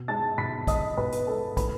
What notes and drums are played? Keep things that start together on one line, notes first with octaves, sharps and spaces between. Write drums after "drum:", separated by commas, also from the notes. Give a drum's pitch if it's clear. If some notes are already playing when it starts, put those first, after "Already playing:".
Already playing: B2
G#3 A5 A6
B2 B5 B6
G#3 D#5 D#6, drum: kick, hi-hat
B2 B4 B5
drum: hi-hat
G#3 A4 A5
A2 B4 B5, drum: kick, hi-hat